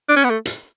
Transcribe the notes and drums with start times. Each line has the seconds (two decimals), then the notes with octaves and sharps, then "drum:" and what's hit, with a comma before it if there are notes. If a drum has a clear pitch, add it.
0.09 D4
0.16 C#4
0.24 B3
0.30 A3
0.45 drum: hi-hat